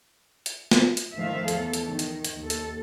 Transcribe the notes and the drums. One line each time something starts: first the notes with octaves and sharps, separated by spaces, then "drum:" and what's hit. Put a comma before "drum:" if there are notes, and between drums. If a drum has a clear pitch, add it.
drum: hi-hat
drum: snare
drum: hi-hat
D#3 F3 A3 E5 F5
E2 A4, drum: hi-hat
drum: hi-hat
D#3
drum: hi-hat
drum: hi-hat
D#2 A4
drum: hi-hat